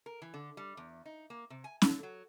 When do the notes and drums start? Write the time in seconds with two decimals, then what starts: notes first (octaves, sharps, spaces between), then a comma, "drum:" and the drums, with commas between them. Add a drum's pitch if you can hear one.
0.06 A#4
0.22 E3
0.34 D3
0.57 G3
0.77 E2
1.05 D#4
1.30 A#3
1.50 C3
1.64 G#5
1.82 A4, drum: snare C#4
2.03 F#3